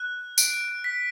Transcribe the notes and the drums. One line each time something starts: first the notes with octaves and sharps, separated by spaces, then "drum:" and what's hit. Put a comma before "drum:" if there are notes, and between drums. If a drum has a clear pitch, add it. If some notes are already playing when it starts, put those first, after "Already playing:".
Already playing: F#6
D7, drum: tambourine
B6